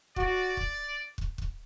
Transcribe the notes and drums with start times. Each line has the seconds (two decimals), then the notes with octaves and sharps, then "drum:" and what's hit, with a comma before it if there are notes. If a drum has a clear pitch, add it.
0.16 F#4 D5, drum: kick
0.57 drum: kick
1.18 drum: kick
1.38 drum: kick